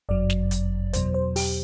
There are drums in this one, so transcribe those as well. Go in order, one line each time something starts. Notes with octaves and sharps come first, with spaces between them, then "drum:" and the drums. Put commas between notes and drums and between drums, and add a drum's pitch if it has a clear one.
G1 F#2 F#3 D5
drum: snare
drum: hi-hat
E2 B2 F#3 C5, drum: hi-hat
C5
G4, drum: open hi-hat